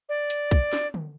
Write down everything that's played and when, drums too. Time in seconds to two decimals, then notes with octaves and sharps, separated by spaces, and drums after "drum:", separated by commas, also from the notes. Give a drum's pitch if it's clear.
0.09 D5
0.30 drum: hi-hat
0.51 drum: kick
0.73 drum: snare
0.94 drum: tom D3